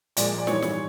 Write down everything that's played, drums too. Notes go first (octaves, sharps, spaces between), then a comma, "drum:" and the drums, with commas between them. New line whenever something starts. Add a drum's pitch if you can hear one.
A#2 F3 G#3 D5, drum: hi-hat
D5
G#2 E3 G3 C#5, drum: snare
drum: snare